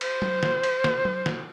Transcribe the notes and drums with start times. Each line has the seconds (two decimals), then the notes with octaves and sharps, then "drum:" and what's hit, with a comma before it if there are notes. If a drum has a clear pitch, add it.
0.01 C5, drum: cymbal
0.22 drum: tom F#3
0.43 drum: snare
0.63 drum: cymbal
0.84 drum: snare
1.05 drum: tom F#3
1.26 drum: snare